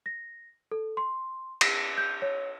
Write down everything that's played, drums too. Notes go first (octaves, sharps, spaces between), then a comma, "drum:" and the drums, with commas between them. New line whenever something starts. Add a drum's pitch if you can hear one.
A#6
A4
C6
A#6, drum: cymbal
G6
C#5